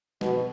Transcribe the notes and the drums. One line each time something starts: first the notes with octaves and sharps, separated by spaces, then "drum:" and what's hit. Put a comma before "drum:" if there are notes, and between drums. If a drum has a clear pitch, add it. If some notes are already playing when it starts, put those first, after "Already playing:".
B2, drum: snare